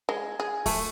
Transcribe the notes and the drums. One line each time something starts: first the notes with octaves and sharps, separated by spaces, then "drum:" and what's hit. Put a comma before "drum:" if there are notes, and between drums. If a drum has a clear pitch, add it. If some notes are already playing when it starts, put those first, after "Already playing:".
G#3
G#4
A3, drum: kick, open hi-hat